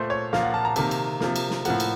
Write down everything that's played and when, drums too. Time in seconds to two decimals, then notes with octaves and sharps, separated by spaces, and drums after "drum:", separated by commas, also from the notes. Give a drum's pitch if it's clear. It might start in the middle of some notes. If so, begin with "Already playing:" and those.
Already playing: A#2 A3 C5
0.10 C#5
0.33 A#2 F3 A#3 F5, drum: snare
0.43 F#5
0.54 A5
0.65 A#5
0.76 C3 D#3 A#3, drum: cymbal
0.91 drum: cymbal
1.20 C3 F3 A#3, drum: snare
1.36 drum: cymbal
1.50 drum: snare
1.65 A2 F3 A#3 F#5, drum: cymbal
1.80 drum: cymbal